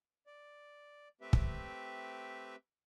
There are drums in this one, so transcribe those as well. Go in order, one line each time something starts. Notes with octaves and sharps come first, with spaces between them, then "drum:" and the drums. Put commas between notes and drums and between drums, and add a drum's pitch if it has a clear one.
D5
A3 C4 G4 B4 E5
drum: kick